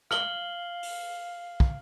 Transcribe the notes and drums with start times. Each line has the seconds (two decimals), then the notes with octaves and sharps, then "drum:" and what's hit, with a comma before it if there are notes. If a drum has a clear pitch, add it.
0.11 F5 F6 F#7 G7, drum: rim click
0.83 drum: open hi-hat
1.60 drum: kick